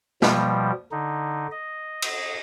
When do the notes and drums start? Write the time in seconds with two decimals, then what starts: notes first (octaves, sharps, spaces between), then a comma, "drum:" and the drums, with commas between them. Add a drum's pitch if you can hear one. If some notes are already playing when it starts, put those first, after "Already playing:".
0.22 B2 F3 G3, drum: snare
0.92 D3 D#4
1.51 D#5
2.02 drum: cymbal